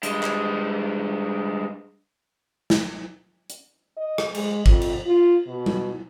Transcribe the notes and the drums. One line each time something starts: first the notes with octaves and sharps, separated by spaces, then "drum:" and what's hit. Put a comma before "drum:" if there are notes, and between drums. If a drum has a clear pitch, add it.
G2 G#3, drum: hi-hat
drum: clap
drum: snare
drum: hi-hat
D#5
drum: rim click
G#3, drum: cymbal
F2, drum: kick
drum: cymbal
F4
B2
drum: tom G3